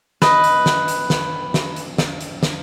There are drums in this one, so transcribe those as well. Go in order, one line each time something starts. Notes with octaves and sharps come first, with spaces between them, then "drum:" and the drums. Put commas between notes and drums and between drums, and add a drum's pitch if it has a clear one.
B4 D#5, drum: snare
drum: hi-hat
drum: snare
drum: hi-hat
drum: snare
drum: snare
drum: hi-hat
drum: snare
drum: hi-hat
drum: snare